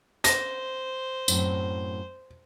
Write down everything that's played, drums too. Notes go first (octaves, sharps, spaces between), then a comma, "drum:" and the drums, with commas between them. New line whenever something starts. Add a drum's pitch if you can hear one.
C5 A#6, drum: hi-hat
F#2 A2 C4, drum: tambourine